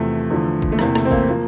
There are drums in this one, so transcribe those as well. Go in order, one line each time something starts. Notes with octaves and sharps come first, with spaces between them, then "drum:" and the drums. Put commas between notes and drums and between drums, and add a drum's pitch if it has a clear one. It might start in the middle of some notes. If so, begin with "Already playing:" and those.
Already playing: E2 C3 F3 A3
E2 D3 F3
drum: kick
A3
E2 C3 E3 A#3, drum: rim click
A3, drum: rim click
C4
A#3, drum: kick
F3 A#3